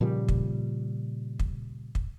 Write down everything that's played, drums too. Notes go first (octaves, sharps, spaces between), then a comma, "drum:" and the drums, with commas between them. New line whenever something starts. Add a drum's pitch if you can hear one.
A#2 C#3 F3 G3
drum: kick
drum: kick
drum: kick